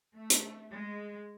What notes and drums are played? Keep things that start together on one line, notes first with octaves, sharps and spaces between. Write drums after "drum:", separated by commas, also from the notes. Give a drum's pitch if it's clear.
A3
drum: hi-hat
G#3